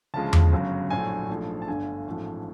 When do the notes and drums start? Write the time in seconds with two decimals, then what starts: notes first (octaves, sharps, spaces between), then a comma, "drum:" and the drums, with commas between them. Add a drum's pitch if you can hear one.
0.14 D2 C#3 F3 G#3 A5
0.33 drum: tom E2
0.52 G1 F#2 C#3 F#3
0.90 A#1 A2 F#3 A3 G#5
1.29 A#1 G#2 F3 A3
1.62 A5
1.68 G1 G2 D3 G#5
2.07 A1 G#2 F3 A3